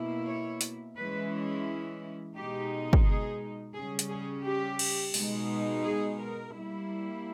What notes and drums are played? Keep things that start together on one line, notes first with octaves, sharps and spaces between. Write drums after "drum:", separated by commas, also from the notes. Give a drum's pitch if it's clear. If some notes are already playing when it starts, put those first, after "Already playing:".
Already playing: B2 A#3 E4
C#5
drum: hi-hat
E3 G#3 C#4 E4 B4
B2 G#3 D#4 G4
drum: kick
G#4
C#3 G3 C#4 G#4
drum: hi-hat
G#4
G4
drum: cymbal
B2 G#3 D#4, drum: open hi-hat
G#4
A#4
G3 A#3 E4